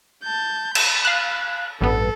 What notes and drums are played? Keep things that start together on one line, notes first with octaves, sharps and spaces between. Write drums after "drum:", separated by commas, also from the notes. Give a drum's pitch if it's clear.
A5 G6
B5, drum: cymbal
F5 F#6
A1 G2 B3 A4